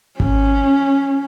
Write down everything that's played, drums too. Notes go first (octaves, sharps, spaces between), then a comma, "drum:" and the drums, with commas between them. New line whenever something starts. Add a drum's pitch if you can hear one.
C#4, drum: kick G#1